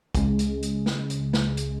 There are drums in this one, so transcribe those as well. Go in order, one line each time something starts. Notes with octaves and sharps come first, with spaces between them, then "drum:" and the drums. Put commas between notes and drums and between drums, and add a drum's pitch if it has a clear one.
C#2 C#3 G#3, drum: kick A#1, hi-hat
drum: hi-hat
drum: hi-hat
drum: snare
drum: hi-hat
drum: snare
drum: hi-hat